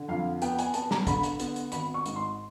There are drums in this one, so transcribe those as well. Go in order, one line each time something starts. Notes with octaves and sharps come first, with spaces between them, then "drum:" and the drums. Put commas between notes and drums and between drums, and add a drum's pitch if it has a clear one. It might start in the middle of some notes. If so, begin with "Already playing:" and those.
Already playing: D3
F2 F5
B3 G5, drum: hi-hat
G#5, drum: hi-hat
B3 A5, drum: hi-hat
A#5, drum: snare
D3 B5, drum: kick, hi-hat
drum: hi-hat
B3, drum: hi-hat
drum: hi-hat
G#1 B5, drum: hi-hat
C#6
G#2, drum: hi-hat
C6